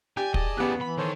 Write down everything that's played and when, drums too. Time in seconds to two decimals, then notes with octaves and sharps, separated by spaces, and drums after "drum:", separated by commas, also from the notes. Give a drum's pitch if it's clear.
0.17 G4 D5 G#5 G6
0.34 G#4 D5 D#5 A5, drum: kick
0.58 E2 C#3 B3 G4 F#6
0.81 E3 B5
0.98 D#3 A4 C5 C#5